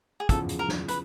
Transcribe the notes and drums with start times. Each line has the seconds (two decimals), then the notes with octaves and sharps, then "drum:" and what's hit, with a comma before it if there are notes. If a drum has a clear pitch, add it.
0.20 G#4
0.29 E2 C#3 F3 A4, drum: kick, hi-hat
0.49 drum: hi-hat
0.59 A#4
0.69 drum: snare
0.88 B4, drum: hi-hat